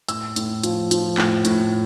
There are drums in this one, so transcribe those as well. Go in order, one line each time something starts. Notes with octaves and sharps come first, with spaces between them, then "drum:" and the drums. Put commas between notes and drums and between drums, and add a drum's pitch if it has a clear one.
A2 E6, drum: hi-hat
A2, drum: hi-hat
F3, drum: hi-hat
F3, drum: hi-hat
A2, drum: clap
A2, drum: hi-hat